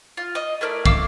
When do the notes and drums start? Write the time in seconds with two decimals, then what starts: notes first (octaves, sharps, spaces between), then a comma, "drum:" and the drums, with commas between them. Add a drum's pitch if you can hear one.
0.17 F4
0.35 D#5
0.61 A3 E4 A#4 D5
0.86 A3 F5 D6 E6, drum: kick